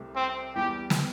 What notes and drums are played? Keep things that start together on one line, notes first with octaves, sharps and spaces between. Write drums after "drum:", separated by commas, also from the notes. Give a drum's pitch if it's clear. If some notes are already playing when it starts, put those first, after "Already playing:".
Already playing: C2 C3 A3
C4
E2 E3 G3 G4
drum: snare